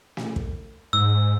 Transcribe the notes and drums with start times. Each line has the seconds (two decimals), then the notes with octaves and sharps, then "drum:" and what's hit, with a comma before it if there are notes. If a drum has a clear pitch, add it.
0.17 drum: snare
0.36 drum: kick
0.93 G#2 E6